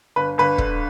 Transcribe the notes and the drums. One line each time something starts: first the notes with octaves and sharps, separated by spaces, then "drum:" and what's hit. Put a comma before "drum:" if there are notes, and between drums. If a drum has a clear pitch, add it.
G1 B4
G1 B4
D3, drum: kick